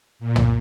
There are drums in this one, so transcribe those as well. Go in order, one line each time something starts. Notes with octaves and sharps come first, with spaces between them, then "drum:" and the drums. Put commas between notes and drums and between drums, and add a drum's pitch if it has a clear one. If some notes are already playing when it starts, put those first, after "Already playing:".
A#2
drum: tom